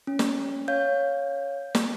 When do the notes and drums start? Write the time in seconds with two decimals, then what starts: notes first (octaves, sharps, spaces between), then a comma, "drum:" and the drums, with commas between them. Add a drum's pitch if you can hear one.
0.07 C#4
0.19 drum: snare
0.68 C#5 F5 G6
1.75 drum: snare